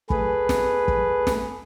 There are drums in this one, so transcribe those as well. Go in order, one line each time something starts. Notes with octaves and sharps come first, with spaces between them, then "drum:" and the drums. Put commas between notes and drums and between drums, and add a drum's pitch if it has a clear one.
A3 G#4 B4, drum: kick
drum: snare
drum: kick
drum: snare